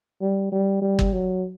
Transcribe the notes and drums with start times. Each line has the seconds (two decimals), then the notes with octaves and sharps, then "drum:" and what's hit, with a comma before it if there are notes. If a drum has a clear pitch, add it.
0.21 G3
0.52 G3
0.81 G3
0.99 drum: kick
1.13 F#3